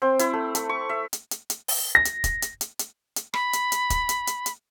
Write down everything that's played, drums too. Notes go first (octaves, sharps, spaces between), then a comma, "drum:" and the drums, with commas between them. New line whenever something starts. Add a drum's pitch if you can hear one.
C4
E4, drum: hi-hat
A3
A3, drum: hi-hat
C#6
E5
drum: hi-hat
drum: hi-hat
drum: hi-hat
drum: open hi-hat
A#6
drum: hi-hat
drum: kick, hi-hat
drum: hi-hat
drum: hi-hat
drum: hi-hat
drum: hi-hat
B5, drum: rim click
drum: hi-hat
drum: hi-hat
drum: kick, hi-hat
drum: hi-hat
drum: hi-hat
drum: hi-hat